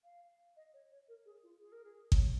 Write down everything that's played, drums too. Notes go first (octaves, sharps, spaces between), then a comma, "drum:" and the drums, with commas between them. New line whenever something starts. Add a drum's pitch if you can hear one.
F5
D#5
C#5
C#5
A#4
G#4
F4
G#4
A#4
G#4
C#5, drum: kick G#1